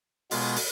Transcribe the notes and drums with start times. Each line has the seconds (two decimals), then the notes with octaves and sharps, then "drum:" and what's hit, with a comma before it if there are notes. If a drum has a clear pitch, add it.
0.31 B2 G#3 B3 F4, drum: open hi-hat
0.56 drum: open hi-hat